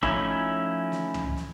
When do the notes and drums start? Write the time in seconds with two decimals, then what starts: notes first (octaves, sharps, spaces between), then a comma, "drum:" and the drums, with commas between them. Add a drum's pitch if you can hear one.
0.03 F3 A3 C#4 D#4 E4, drum: kick
0.92 drum: snare
1.14 drum: tom
1.37 drum: snare